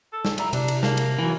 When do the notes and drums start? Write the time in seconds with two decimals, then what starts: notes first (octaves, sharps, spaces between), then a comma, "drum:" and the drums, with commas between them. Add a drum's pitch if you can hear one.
0.13 A4
0.25 drum: snare
0.38 E4 D5 F5 A#5, drum: cymbal
0.53 C3 D4, drum: cymbal
0.68 drum: cymbal
0.83 A#3 A5, drum: snare
0.97 drum: cymbal
1.19 E3 F#3